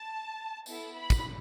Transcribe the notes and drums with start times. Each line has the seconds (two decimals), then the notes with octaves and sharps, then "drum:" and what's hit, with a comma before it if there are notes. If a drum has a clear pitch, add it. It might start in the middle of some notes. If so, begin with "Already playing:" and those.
Already playing: A5
0.66 B3 E4 A4, drum: tambourine
0.95 B5
1.10 drum: kick, tambourine